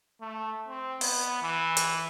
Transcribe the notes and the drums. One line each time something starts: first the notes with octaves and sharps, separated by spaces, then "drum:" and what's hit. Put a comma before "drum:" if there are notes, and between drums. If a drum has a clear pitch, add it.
A3
C4
B3, drum: open hi-hat
E3
drum: hi-hat